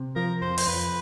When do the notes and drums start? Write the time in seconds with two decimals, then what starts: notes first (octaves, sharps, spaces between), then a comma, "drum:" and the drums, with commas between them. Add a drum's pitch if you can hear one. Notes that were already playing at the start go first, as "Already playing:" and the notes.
Already playing: C3
0.16 F3 A#4
0.42 F2 C5
0.58 C5, drum: open hi-hat
0.67 F2 B4